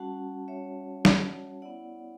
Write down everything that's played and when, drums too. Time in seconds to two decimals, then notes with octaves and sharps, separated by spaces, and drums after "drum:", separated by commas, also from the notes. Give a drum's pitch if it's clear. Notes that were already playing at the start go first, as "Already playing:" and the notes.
Already playing: G3 C#4 F#4 F#5 A5
0.48 C#5 E5
1.05 drum: snare
1.62 B3 E4 D5 F#5